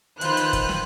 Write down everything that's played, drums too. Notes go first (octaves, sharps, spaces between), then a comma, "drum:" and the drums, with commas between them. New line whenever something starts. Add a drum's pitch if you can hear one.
D#3 F4 B4 C5 F#6, drum: hi-hat
drum: hi-hat
drum: kick, hi-hat
drum: snare